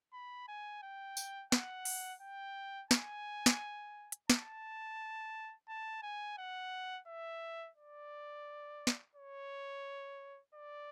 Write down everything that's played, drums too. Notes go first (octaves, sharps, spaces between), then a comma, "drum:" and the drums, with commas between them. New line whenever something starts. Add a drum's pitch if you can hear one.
B5
G#5
G5
drum: tambourine
F#5, drum: snare
drum: open hi-hat
G5
G#5, drum: snare
drum: snare
drum: hi-hat
A5, drum: snare
A5
G#5
F#5
E5
D5
drum: snare
C#5
D5